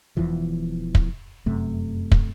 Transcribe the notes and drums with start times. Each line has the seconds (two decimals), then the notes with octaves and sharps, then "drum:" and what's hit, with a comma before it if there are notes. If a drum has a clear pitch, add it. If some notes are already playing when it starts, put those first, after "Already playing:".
0.17 E1 E2 E3 F3
0.95 drum: kick
1.46 F1 F#2 C3 A3
2.12 drum: kick